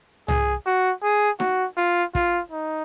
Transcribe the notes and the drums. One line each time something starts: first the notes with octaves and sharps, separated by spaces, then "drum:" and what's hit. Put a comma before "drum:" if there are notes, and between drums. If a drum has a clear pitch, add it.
G#4, drum: tom C2
F#4
G#4
F#4, drum: snare D#4
F4
F4, drum: kick
D#4